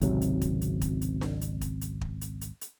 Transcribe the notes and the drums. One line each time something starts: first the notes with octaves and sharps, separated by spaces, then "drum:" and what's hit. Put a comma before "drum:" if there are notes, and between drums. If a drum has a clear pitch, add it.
G#1 C#2 C3 F#3, drum: hi-hat
drum: hi-hat
drum: kick, hi-hat
drum: hi-hat
drum: kick, hi-hat
drum: hi-hat
drum: snare D4
drum: hi-hat
drum: kick, hi-hat
drum: hi-hat
drum: kick
drum: hi-hat
drum: hi-hat
drum: hi-hat